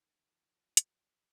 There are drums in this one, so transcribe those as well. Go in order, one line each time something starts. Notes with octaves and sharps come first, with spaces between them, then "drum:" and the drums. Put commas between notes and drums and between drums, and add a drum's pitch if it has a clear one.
D#3
F3
F#3
drum: hi-hat